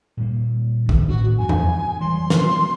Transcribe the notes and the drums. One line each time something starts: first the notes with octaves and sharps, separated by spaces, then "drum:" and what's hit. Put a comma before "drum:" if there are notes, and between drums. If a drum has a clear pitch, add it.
A#2 G3 A#3
D#3, drum: kick
A2 B3 D4 F#4
F2 E3 G#5
drum: tom E2
E3 F#3 G3 C6
drum: snare